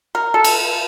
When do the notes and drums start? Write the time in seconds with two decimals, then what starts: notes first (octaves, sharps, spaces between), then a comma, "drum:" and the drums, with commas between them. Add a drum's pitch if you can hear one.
0.15 A#4
0.34 A4
0.44 drum: cymbal